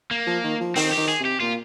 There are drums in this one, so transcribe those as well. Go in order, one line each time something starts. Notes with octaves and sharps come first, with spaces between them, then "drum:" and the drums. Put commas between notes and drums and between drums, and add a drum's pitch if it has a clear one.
A#3
F3
D#3
F3
D#3 C4, drum: open hi-hat
D#3 G4
G#4
C3
G4
A#2 F4